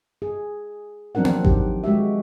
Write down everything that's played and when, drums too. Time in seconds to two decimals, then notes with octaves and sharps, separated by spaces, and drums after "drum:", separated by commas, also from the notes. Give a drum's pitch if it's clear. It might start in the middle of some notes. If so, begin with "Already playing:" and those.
0.22 G#4
1.15 F3 F#3 C4 D4 A#4 F#5
1.25 drum: tom A#3
1.45 D#3 G4, drum: kick G#1
1.84 G#3 F#4 G4 E5